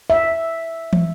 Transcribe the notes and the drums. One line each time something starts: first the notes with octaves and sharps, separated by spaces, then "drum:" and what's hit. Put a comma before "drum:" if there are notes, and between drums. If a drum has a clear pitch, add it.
E5
drum: tom